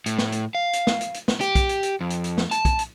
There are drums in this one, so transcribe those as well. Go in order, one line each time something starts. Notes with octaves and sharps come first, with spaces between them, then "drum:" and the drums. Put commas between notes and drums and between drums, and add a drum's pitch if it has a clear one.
A2, drum: hi-hat
drum: snare
drum: hi-hat
F5
drum: hi-hat
drum: snare
drum: hi-hat
drum: hi-hat
drum: snare
G4, drum: hi-hat
drum: kick, hi-hat
drum: hi-hat
drum: hi-hat
F2
drum: hi-hat
drum: hi-hat
drum: snare
A5, drum: hi-hat
drum: kick, hi-hat
drum: hi-hat